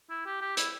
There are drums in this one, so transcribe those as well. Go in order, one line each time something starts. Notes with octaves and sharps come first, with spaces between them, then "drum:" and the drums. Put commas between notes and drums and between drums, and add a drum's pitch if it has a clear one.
E4
G4
G4
E4, drum: hi-hat